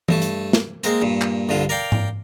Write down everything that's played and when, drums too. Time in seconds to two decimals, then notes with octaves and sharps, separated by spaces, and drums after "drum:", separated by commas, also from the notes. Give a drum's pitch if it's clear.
0.09 G2 A3 A5, drum: tom E3
0.22 drum: hi-hat
0.53 drum: snare
0.84 G#3 A#3 C4, drum: hi-hat
1.02 G2 A#2
1.21 drum: clap
1.49 C2 G2 D3 F4
1.69 A#4 D5 F5 G5
1.92 drum: tom G#2